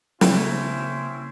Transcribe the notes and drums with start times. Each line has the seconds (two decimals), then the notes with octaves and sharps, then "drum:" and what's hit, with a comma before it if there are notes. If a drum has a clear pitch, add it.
0.21 C#3 A#3 C4 C#4 E4, drum: snare